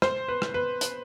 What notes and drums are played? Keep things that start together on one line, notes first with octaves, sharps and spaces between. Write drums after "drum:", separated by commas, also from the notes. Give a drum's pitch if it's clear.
C5, drum: rim click
B4
drum: rim click
B4
drum: hi-hat